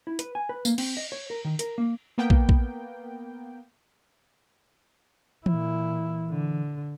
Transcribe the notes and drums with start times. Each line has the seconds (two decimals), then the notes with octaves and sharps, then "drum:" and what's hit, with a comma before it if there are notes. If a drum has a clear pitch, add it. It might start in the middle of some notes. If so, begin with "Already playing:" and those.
0.07 E4
0.19 B4, drum: hi-hat
0.35 G#5
0.49 B4
0.65 A#3, drum: tambourine
0.78 C4, drum: cymbal
0.97 D#5
1.12 C#5
1.30 A#4
1.45 D#3
1.59 A#4, drum: hi-hat
1.78 A#3
2.18 A#3 B3 G5
2.30 drum: kick
2.49 drum: kick
5.46 A#2 E3 E4, drum: tom E3
6.30 D3